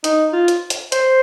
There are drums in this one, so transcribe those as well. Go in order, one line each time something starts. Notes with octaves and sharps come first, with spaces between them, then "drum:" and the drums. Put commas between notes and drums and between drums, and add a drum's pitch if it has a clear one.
D#4, drum: hi-hat
F4
drum: hi-hat
drum: hi-hat
C5, drum: hi-hat